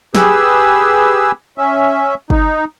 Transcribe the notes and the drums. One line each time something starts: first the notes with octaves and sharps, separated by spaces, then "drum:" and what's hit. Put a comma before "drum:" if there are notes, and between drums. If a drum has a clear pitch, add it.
G4 G#4 B4 E6, drum: snare
C#4 E5
D#4, drum: kick